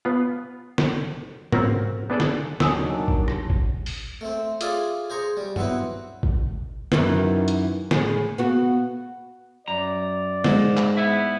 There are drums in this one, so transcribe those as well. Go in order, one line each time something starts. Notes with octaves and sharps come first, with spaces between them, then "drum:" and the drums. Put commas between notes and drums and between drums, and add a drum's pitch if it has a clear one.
B3 F4
drum: snare
C4 C#4 F4 F#4 A#4, drum: tom G#2
B3 D4 G#4 A4 D5
drum: snare
D#2 D#3 F#3 D4 G#5 D#6 E6, drum: snare
drum: kick G#1
drum: rim click
drum: kick G#1
drum: open hi-hat
A3 C4
F4 G#4 C#5 D5 E5 F5, drum: hi-hat
G#4 C5 A#5 C#6
G3
F#3 B3 C4 E4 B4, drum: tom G2
drum: kick G#1
F#2 D#3 E3, drum: snare
drum: hi-hat
A2 G#4, drum: snare
B3 F#4
F#2 D5 A#5
G#2, drum: snare
drum: clap
B3 E4 E5